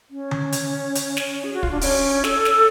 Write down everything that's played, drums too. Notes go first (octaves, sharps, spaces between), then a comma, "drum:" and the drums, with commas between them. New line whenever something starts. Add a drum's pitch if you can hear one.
C#4
drum: tom D3
drum: hi-hat
drum: hi-hat
drum: snare
G#4
F#4
F4, drum: kick
D4
C#4, drum: open hi-hat
A4, drum: snare
drum: snare